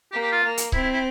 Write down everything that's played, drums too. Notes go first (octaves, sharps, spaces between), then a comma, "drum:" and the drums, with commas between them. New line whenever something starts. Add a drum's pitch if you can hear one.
A#3 G4
G4
F4
A#3
drum: hi-hat
C4 E4, drum: kick C#1
E4
E4